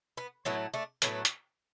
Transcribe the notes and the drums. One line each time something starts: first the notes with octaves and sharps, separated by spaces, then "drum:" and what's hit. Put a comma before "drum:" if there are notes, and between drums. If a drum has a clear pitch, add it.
B3
A2 F#3 A3 B3 E4
A3 D4
A2 F#3 A3 B3, drum: hi-hat
drum: hi-hat